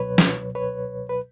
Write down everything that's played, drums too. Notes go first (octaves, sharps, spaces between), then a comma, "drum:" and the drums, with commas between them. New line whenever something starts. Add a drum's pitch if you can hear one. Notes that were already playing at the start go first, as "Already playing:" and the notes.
Already playing: C#2 B2 F#3 B4 C#5
drum: snare F3
B4 C#5
B4